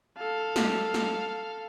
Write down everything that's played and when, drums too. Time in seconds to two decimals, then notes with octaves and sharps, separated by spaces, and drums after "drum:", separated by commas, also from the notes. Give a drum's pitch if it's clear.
0.18 A4 F5
0.56 drum: snare
0.94 drum: snare